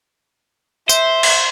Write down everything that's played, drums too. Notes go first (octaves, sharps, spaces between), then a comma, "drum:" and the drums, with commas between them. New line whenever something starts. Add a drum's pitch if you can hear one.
C5 E5, drum: tambourine
drum: cymbal